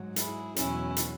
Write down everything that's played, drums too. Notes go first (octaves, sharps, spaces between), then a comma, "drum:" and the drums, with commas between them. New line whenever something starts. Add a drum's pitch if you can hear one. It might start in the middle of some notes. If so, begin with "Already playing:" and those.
Already playing: G#2 F#3
E4 G#4, drum: hi-hat
E2 B2 F#3 C#4 E4, drum: hi-hat
drum: hi-hat